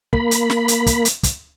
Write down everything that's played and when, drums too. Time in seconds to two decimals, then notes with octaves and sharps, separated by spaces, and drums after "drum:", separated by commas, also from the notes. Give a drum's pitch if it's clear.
0.13 A#3 B5, drum: kick
0.31 drum: hi-hat
0.50 drum: snare
0.68 drum: hi-hat
0.86 drum: kick, hi-hat
1.05 drum: hi-hat
1.23 drum: kick, hi-hat